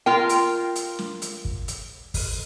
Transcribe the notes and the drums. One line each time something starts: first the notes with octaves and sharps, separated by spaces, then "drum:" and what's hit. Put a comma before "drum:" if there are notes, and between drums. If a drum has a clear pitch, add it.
F4 A#4 G5
drum: hi-hat
drum: hi-hat
drum: snare
drum: hi-hat
drum: kick
drum: hi-hat
drum: kick, open hi-hat